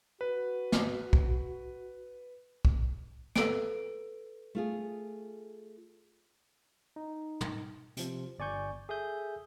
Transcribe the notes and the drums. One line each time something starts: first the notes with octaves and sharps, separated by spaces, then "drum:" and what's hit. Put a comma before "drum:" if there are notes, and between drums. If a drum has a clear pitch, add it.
F#4 B4
drum: snare
drum: kick
drum: kick
A4 B4 D7, drum: snare
A3 F4 G#4
D#4
drum: tom
C3 F3, drum: hi-hat
G1 D5 G#5 C#6 G6
G#4 A4 E5 D#6 G6